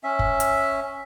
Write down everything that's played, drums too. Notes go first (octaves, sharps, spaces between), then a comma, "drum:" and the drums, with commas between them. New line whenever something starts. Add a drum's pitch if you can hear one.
C#4 E5
drum: kick F#1
drum: hi-hat